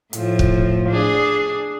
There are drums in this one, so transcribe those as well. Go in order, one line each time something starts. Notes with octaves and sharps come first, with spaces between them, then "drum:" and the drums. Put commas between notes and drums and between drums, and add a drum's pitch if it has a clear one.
A2 F3, drum: hi-hat
drum: kick
D4 G#4